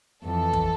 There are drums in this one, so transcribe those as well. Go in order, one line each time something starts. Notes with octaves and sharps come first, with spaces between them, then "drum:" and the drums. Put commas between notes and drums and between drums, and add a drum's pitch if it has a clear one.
F2 E3 A4
drum: kick